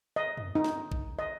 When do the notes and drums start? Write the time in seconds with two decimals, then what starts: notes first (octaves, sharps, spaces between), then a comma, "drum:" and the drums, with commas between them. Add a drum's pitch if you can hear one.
0.16 D#5
0.37 drum: tom
0.55 D#4
0.64 drum: snare
0.92 drum: kick G#1
1.19 D#5